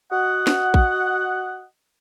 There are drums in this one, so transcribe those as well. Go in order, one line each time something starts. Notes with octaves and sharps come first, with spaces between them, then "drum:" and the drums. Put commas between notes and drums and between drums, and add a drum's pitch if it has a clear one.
F#4 D#5 F#5
drum: snare
drum: kick